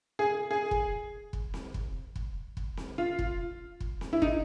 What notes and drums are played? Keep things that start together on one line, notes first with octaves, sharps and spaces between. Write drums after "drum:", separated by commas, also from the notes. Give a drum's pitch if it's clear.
G#4
G#4
drum: kick
drum: kick
drum: snare C4
drum: kick
drum: kick
drum: kick
drum: snare C4
F4
drum: kick
drum: kick
drum: snare C4
E4
D#4, drum: kick